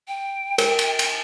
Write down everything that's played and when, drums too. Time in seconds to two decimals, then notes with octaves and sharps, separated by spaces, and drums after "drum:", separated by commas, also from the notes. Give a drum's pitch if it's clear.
0.08 G5
0.58 A#4, drum: cymbal
0.79 drum: cymbal
0.99 drum: cymbal